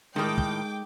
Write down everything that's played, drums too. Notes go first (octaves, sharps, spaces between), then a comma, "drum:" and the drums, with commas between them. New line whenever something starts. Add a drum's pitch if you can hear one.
A2 D#3 G#3 D#4 A4 A#4 G5 D6
drum: kick